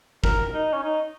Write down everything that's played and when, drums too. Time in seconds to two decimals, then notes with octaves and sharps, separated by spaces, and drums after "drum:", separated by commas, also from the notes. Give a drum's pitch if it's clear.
0.24 A#4, drum: kick
0.54 D#4
0.73 C#4
0.83 D#4